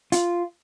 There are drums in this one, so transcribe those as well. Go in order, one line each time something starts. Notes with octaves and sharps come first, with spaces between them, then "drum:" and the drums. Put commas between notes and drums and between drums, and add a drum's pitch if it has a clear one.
F4, drum: hi-hat